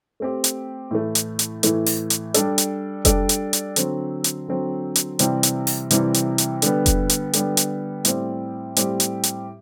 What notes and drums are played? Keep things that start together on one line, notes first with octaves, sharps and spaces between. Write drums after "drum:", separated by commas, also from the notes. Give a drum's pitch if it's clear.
A3 C4 G4
drum: hi-hat
A2 E3 A3
drum: hi-hat
drum: hi-hat
A2 E3 A3, drum: hi-hat
drum: open hi-hat
drum: hi-hat
G3 D4 A4 D5, drum: hi-hat
drum: hi-hat
G3 D4 A4 D5, drum: kick F1, hi-hat
drum: hi-hat
drum: hi-hat
D3 F#3 C4, drum: hi-hat
drum: hi-hat
D3 F#3 C4
drum: hi-hat
C3 E3 G3 C4, drum: hi-hat
drum: hi-hat
drum: open hi-hat
C3 E3 G3 C4, drum: hi-hat
drum: hi-hat
drum: hi-hat
D3 G3 B3, drum: hi-hat
drum: kick F1, hi-hat
drum: hi-hat
D3 G3 B3, drum: hi-hat
drum: hi-hat
A2 G3 C4 G4, drum: hi-hat
A2 G3 C4 G4, drum: hi-hat
drum: hi-hat
drum: hi-hat